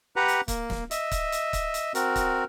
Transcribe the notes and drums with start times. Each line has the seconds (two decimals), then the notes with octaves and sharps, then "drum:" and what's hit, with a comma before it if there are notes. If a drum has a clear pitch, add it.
0.16 G4 B4 F#5 A#5
0.28 drum: hi-hat
0.48 A#3, drum: kick C#1, hi-hat
0.70 drum: snare
0.91 D#5 E5, drum: hi-hat
1.11 drum: kick C#1, hi-hat
1.32 drum: hi-hat
1.53 drum: kick C#1, hi-hat
1.74 drum: hi-hat
1.95 C4 F#4 A#4, drum: hi-hat
2.16 drum: kick C#1, hi-hat